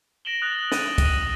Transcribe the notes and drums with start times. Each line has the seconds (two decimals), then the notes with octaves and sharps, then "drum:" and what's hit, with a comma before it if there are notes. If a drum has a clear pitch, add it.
0.25 A#6 D7 E7 F#7 G7
0.42 D#6 F#6 A6 F7
0.72 A6 D#7 F#7, drum: snare
0.98 drum: kick, cymbal